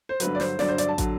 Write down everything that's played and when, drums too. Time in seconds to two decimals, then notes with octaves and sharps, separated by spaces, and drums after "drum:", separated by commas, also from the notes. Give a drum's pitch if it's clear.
0.09 C5
0.20 G2 D3 F#3 B4, drum: hi-hat
0.35 D5
0.40 C5, drum: snare
0.59 G2 D3 F#3 D5, drum: snare
0.69 C5
0.78 D5, drum: hi-hat
0.89 A5
0.98 D3 F#3, drum: kick, hi-hat